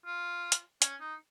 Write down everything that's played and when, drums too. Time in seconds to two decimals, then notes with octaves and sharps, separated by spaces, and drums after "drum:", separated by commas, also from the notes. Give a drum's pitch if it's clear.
0.06 F4
0.52 drum: hi-hat
0.82 C#4, drum: hi-hat
1.01 D#4